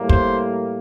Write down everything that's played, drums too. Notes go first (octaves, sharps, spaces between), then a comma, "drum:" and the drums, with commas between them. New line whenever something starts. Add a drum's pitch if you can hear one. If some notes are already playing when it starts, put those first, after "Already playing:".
Already playing: A2 G3 A#3
C5, drum: kick